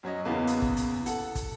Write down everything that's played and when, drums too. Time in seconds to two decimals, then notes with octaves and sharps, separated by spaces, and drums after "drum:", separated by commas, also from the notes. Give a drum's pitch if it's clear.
0.03 F#2 F#3 C#5 D#5
0.25 E2 C#3 E3 A#3 B3
0.47 drum: hi-hat
0.62 drum: kick
0.77 drum: hi-hat
1.06 A4 F#5, drum: hi-hat
1.35 drum: kick, hi-hat